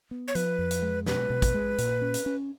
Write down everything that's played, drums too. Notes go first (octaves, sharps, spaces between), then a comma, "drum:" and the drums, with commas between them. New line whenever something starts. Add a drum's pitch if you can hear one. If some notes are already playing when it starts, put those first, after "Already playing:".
B3
C#5
F3 B4, drum: hi-hat
F2
drum: hi-hat
G#3
B2 B4, drum: snare
B2
drum: kick, hi-hat
G#3
A#2, drum: hi-hat
C#4
drum: hi-hat
C#4